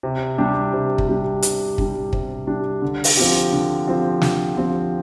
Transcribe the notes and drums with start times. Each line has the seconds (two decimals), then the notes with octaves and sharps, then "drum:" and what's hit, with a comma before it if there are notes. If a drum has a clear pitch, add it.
0.03 C3
0.38 G3 D4 G4
0.73 C3
0.98 drum: kick
1.08 G3 D4 G4
1.42 C3, drum: hi-hat
1.78 G3 D4 G4, drum: kick
2.13 C3, drum: kick
2.47 G3 D4 G4
2.82 D3
3.04 drum: open hi-hat
3.17 F3 C4 G4
3.52 D3
3.87 F3 C4 G4
4.22 D3, drum: snare
4.57 F3 C4 G4